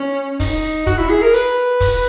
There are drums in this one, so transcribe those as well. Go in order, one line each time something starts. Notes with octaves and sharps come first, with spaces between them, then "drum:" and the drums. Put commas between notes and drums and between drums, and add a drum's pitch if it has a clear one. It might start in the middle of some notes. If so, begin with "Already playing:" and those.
Already playing: C#4
D#4, drum: kick, open hi-hat
F#4, drum: kick, hi-hat
E4
G#4
A#4
B4, drum: hi-hat
drum: kick, open hi-hat